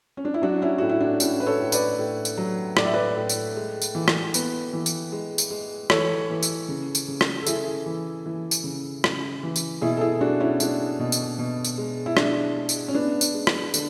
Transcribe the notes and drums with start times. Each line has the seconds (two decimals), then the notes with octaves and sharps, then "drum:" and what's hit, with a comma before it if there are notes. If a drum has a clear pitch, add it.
0.17 C#4
0.25 D4
0.34 E4
0.42 F#3 D4 F#4
0.62 C#4 E4
0.78 A2 F#4
0.89 E4
1.00 D4
1.20 A2 C#4 E4, drum: tambourine
1.40 B4
1.46 A4 C#5
1.60 A2
1.72 B4 D5, drum: tambourine
1.99 A2
2.25 drum: tambourine
2.37 F#3
2.77 A2 D5, drum: rim click
2.85 E5
2.94 B4 D5
3.17 A2
3.29 drum: tambourine
3.56 G#3
3.82 drum: tambourine
3.95 E3
4.08 drum: rim click
4.34 B3, drum: tambourine
4.73 E3
4.86 drum: tambourine
5.12 G#3
5.38 drum: tambourine
5.51 G#3
5.90 E3 A4 C#5, drum: rim click
6.30 E3
6.43 drum: tambourine
6.69 C#3
6.95 drum: tambourine
7.08 C#3
7.21 drum: rim click
7.43 A4
7.47 C#3 E4 G#4, drum: tambourine
7.86 E3
8.26 E3
8.51 drum: tambourine
8.64 C#3
9.04 C#3, drum: rim click
9.43 E3
9.56 drum: tambourine
9.81 B2 E4 G#4
9.97 A4
10.01 E4 G#4
10.21 G#3 D4 F#4
10.40 C#4 E4
10.60 G#3 D4, drum: tambourine
11.00 B2
11.12 drum: tambourine
11.39 B2
11.64 drum: tambourine
11.78 G#3
12.06 E4
12.17 G#3 D4, drum: rim click
12.56 G#3
12.69 drum: tambourine
12.88 C#4
12.95 B3 D4
13.21 drum: tambourine
13.34 G#3
13.47 drum: rim click
13.74 D3, drum: tambourine